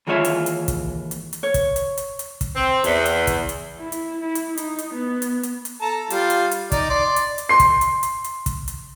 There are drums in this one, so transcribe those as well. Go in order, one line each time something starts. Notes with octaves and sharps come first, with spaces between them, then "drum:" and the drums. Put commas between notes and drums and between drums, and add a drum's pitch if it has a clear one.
D#2 E3 G#3 F4 C#5 E5
drum: hi-hat
drum: hi-hat
drum: kick, hi-hat
drum: hi-hat
drum: hi-hat
C#5
drum: kick, hi-hat
drum: hi-hat
drum: hi-hat
drum: hi-hat
drum: kick, hi-hat
C4
E2, drum: hi-hat
drum: hi-hat
drum: kick, hi-hat
drum: hi-hat
E4
drum: hi-hat
E4
drum: hi-hat
D#4, drum: hi-hat
drum: hi-hat
B3
drum: hi-hat
drum: hi-hat
drum: hi-hat
A4 A5 A#5
G3 F4, drum: hi-hat
drum: hi-hat
drum: hi-hat
D#4 D5, drum: kick, hi-hat
D5 C6
drum: hi-hat
drum: hi-hat
C6 C7
drum: kick, hi-hat
drum: hi-hat
drum: hi-hat
drum: hi-hat
drum: kick, hi-hat
drum: hi-hat